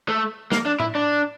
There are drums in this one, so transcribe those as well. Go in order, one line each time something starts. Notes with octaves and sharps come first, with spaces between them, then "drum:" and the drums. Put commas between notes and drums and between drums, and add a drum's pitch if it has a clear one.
A3
A#3, drum: snare
D4
E4, drum: tom A2
D4